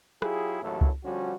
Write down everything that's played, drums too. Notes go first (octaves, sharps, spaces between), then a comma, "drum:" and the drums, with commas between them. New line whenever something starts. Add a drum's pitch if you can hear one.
F#3 E4 F4 G4 G#4, drum: rim click
A1 D#2 A2 F#3 E4 A4
drum: kick C#2
D3 F3 G3 C#4 F#4